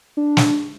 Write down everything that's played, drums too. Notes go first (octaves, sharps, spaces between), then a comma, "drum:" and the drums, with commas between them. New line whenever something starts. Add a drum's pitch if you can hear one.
D4
drum: snare